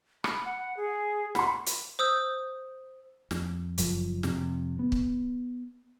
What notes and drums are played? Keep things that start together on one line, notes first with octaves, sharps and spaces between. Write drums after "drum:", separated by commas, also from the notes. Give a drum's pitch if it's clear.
B5, drum: rim click
F#5
G#4
F#5 B5 C6, drum: snare
drum: hi-hat
C5 D#6 E6 G6
F2, drum: snare
F#1 F#2 F3, drum: hi-hat
F2 C3, drum: snare
B3
drum: kick